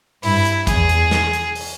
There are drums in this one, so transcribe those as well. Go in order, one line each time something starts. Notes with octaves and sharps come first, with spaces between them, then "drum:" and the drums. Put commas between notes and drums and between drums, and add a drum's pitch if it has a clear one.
G2 E4, drum: open hi-hat
drum: hi-hat
E2 G#4, drum: kick, hi-hat
drum: hi-hat
drum: snare
drum: hi-hat
drum: open hi-hat